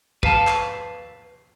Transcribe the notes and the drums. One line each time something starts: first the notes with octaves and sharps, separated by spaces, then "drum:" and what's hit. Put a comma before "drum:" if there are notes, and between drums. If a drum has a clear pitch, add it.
B4 F5 A5, drum: kick
drum: clap